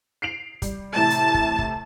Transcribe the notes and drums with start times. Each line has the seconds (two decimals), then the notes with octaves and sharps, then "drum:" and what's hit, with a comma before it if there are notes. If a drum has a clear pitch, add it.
0.22 C7 D7 F7
0.62 G3, drum: kick, hi-hat
0.96 A2 C3 E3 A5
1.10 drum: hi-hat
1.34 drum: kick
1.59 drum: kick